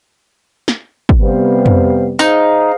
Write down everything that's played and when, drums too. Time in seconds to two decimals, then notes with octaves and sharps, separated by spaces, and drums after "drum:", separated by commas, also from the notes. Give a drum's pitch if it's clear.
0.68 drum: snare
1.09 drum: kick
1.20 C3 G3 B3 C5 F5
1.66 drum: tom F2
2.19 D#4 G#4 C5 F5, drum: tambourine